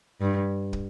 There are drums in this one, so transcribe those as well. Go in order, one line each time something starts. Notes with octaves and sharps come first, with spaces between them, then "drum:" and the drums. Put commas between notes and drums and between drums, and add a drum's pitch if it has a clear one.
G2
drum: kick